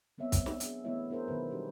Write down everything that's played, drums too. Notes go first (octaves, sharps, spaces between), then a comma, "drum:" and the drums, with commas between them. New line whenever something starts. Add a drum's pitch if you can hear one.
F#3 B3 C4 C#5 E5
drum: kick, hi-hat
drum: snare
D4 G#4, drum: hi-hat
E3 A3 B3 E4 C#5 E5
D4 E4 G#4 A#4 C5
B2 D#3 F#3 B4
G3 D4 G4